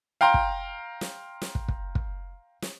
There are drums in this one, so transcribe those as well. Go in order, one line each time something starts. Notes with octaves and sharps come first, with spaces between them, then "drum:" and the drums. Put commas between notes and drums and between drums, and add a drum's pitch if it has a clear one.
F5 G5 A#5 C6
drum: kick
drum: snare
drum: snare
drum: kick
drum: kick
drum: kick
drum: snare